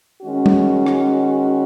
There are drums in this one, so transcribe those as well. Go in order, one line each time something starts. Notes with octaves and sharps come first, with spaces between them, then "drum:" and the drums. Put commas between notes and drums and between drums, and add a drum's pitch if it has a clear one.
D#3 G#3 C#4 F#4
drum: tom G3
drum: rim click